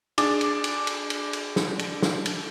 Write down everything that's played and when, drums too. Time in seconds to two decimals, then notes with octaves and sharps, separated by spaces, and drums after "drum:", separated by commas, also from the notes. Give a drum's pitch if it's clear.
0.18 D4 G#4 D6 A6, drum: cymbal
0.41 drum: cymbal
0.64 drum: cymbal
0.87 drum: cymbal
1.10 drum: cymbal
1.33 drum: cymbal
1.56 drum: snare
1.79 drum: cymbal
2.02 drum: snare
2.26 drum: cymbal